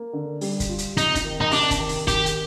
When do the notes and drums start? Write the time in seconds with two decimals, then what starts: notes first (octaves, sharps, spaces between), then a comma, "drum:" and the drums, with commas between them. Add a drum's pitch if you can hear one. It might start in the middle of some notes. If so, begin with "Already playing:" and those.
Already playing: A#3
0.13 D3
0.41 G3, drum: open hi-hat
0.60 drum: kick, hi-hat
0.69 F4
0.78 drum: hi-hat
0.97 C3 D#4, drum: hi-hat
1.15 drum: kick, hi-hat
1.25 D#3
1.41 D#4
1.51 C3 D4, drum: open hi-hat
1.71 drum: kick, hi-hat
1.80 D#3
1.89 drum: open hi-hat
2.07 D#3 G4, drum: kick, hi-hat
2.26 drum: hi-hat